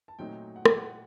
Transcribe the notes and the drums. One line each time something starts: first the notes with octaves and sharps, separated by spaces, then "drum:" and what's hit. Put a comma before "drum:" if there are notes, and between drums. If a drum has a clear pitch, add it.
A5
A#2 F#3 A3 C4 D#4 G5
F#5
G5, drum: rim click
F#5